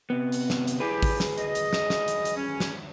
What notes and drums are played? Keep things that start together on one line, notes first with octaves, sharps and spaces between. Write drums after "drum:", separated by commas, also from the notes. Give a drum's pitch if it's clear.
C3 B3
drum: hi-hat
drum: snare
drum: hi-hat
E4 G4 G#4 B4
drum: kick, open hi-hat
drum: snare
D#5, drum: hi-hat
drum: hi-hat
drum: snare
drum: snare
drum: hi-hat
drum: hi-hat
C#4
drum: snare